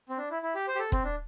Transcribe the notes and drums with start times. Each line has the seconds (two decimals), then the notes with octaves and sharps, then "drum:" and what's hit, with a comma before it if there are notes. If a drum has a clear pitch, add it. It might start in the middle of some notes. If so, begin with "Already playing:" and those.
0.09 C4
0.18 D4
0.31 E4
0.43 E4
0.55 G4
0.68 C5
0.75 G4
0.79 A4
0.92 C4, drum: kick
1.04 D4